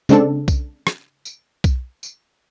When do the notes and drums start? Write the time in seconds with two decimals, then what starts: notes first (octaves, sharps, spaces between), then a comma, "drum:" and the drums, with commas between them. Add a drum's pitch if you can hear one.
0.09 C#3 G#3 C4 D4 A4, drum: tambourine
0.48 drum: kick B1, tambourine
0.87 drum: rim click
1.25 drum: tambourine
1.64 drum: kick B1, tambourine
2.03 drum: tambourine